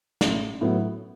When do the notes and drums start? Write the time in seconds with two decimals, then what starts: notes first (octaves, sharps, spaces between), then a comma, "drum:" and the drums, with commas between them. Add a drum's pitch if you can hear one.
0.21 A1, drum: snare
0.61 A2 F#3 B3 E4